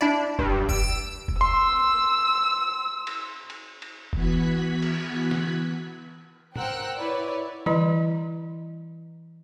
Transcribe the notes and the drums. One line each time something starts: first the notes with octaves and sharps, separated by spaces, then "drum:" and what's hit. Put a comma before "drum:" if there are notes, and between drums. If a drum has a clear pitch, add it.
D4 E4 D5
G2, drum: kick F1
E6 D7, drum: kick F1
drum: kick F1
C6 E6
drum: cymbal
drum: cymbal
drum: cymbal
E3 B3 F#4 F#6 G#6 B6, drum: kick F1
drum: cymbal
drum: snare
A#4 C5 F#5 G5 E6 F#6, drum: tom G#2
E4 B4 C#5 D5
E3 G3 E4 D#5 A#5, drum: tom